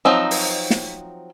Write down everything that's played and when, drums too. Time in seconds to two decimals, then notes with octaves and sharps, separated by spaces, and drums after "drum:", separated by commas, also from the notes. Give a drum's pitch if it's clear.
0.05 F3 F#3 C4 D#4
0.31 drum: open hi-hat
0.70 drum: snare